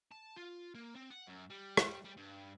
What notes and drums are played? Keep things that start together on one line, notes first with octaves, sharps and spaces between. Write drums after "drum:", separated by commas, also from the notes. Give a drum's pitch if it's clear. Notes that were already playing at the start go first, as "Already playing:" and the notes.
A5
F4
A#3
C4
F#5
F#2
G3
drum: rim click
G3
G2